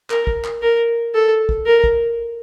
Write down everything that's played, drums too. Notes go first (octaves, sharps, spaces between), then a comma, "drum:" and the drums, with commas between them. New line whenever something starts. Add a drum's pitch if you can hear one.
A#4, drum: clap
drum: kick
drum: clap
A#4
A4
drum: kick
A#4
drum: kick